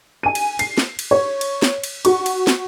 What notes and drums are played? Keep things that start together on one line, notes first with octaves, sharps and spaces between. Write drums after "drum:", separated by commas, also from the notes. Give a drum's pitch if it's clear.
G#5 D#7
drum: cymbal
C7, drum: cymbal
drum: snare
drum: cymbal
C#5
drum: cymbal
drum: snare
drum: cymbal
F#4 C#6, drum: cymbal
drum: cymbal
drum: snare